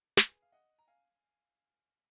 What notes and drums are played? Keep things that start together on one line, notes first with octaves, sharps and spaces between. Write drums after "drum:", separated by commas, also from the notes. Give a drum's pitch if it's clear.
G#4 B4, drum: snare
F5
D#5 F#5
A#5
F5 G#5